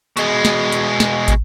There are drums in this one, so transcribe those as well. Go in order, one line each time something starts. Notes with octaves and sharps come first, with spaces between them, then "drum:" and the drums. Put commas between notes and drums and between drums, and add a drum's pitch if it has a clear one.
B2 G#3, drum: hi-hat
drum: snare
drum: hi-hat
drum: snare
drum: kick, hi-hat